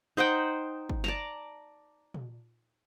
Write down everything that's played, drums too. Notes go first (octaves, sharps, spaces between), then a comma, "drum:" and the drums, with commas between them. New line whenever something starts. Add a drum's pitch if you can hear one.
D#4 C5 F#5 G5
drum: kick
D5 A5 A#5, drum: snare
drum: tom A#2